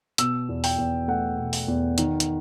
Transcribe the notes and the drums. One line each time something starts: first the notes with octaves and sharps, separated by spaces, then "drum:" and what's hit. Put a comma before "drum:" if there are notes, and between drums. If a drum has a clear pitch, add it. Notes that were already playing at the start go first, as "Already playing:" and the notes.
B2 E6, drum: hi-hat
E2
G5, drum: open hi-hat
E2
A3 F#5
B2
drum: open hi-hat
E2
D#3, drum: hi-hat
drum: hi-hat